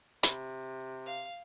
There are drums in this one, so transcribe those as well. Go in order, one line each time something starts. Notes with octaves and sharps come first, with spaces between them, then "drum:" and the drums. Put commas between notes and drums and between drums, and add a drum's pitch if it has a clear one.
C3 B5, drum: hi-hat
F5